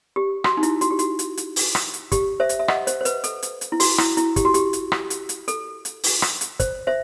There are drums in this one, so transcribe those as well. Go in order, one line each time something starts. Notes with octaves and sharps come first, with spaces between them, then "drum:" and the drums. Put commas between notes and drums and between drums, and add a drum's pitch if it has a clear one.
G4
F#4, drum: rim click
D#4
E4, drum: hi-hat
F#4, drum: hi-hat
G4
F#4, drum: hi-hat
drum: hi-hat
drum: hi-hat
drum: open hi-hat
drum: rim click
drum: hi-hat
G4, drum: kick, hi-hat
C5 E5
drum: hi-hat
E5
D#5 F#5, drum: rim click
C5, drum: hi-hat
C5
B4, drum: hi-hat
A4, drum: hi-hat
drum: hi-hat
drum: hi-hat
E4
F#4, drum: open hi-hat
E4, drum: rim click
E4, drum: hi-hat
G4, drum: kick, hi-hat
F#4
G4, drum: hi-hat
drum: hi-hat
drum: rim click
drum: hi-hat
drum: hi-hat
A4, drum: hi-hat
drum: hi-hat
drum: open hi-hat
drum: rim click
drum: hi-hat
C5, drum: kick, hi-hat
C5 E5